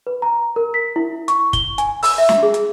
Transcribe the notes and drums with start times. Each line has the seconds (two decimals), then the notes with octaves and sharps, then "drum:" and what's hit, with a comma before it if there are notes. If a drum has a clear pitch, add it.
0.07 B4
0.22 A#5
0.56 A#4
0.74 B6
0.96 E4
1.28 C#6, drum: hi-hat
1.53 G7, drum: kick, hi-hat
1.78 G#5, drum: hi-hat
2.03 E6, drum: open hi-hat
2.18 E5
2.29 drum: snare
2.43 G#4
2.54 drum: hi-hat